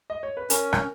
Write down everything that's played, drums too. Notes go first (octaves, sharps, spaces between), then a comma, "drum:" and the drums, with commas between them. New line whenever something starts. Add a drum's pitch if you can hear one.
D#5
C#5
B4
C#4 A#4, drum: hi-hat
drum: rim click